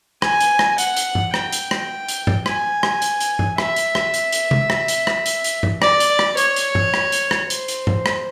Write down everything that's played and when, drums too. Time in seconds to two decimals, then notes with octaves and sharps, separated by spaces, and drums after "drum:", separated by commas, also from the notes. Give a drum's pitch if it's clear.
0.22 G#5, drum: rim click
0.41 drum: hi-hat
0.59 drum: rim click
0.78 F#5, drum: hi-hat
0.97 drum: hi-hat
1.15 drum: tom G2
1.34 G5, drum: rim click
1.53 drum: hi-hat
1.71 drum: rim click
2.08 drum: hi-hat
2.27 drum: tom G2
2.46 G#5, drum: rim click
2.83 drum: rim click
3.02 drum: hi-hat
3.20 drum: hi-hat
3.39 drum: tom G2
3.58 E5, drum: rim click
3.76 drum: hi-hat
3.95 drum: rim click
4.14 drum: hi-hat
4.32 drum: hi-hat
4.51 drum: tom C3
4.70 drum: rim click
4.88 drum: hi-hat
5.07 drum: rim click
5.26 drum: hi-hat
5.44 drum: hi-hat
5.63 drum: tom G2
5.82 D5, drum: rim click
6.00 drum: hi-hat
6.19 drum: rim click
6.37 C#5, drum: hi-hat
6.56 drum: hi-hat
6.75 drum: tom G2
6.94 drum: rim click
7.12 drum: hi-hat
7.31 drum: rim click
7.50 C5, drum: hi-hat
7.68 drum: hi-hat
7.87 drum: tom G2
8.06 drum: rim click